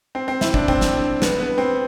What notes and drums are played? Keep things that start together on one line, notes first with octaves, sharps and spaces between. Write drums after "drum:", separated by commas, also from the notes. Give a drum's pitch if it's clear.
C4
C4
E4, drum: snare
D4, drum: kick
C4, drum: kick
drum: snare
B3, drum: snare
B3
C4